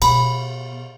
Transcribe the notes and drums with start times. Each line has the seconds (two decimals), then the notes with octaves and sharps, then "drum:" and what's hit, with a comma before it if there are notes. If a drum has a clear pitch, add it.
0.02 B2 B5, drum: cymbal